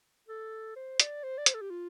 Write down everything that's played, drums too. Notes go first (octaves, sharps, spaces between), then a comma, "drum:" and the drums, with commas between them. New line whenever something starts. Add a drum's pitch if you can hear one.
A4
C5
D5, drum: hi-hat
C5
D5
C5, drum: hi-hat
A4
G4
F4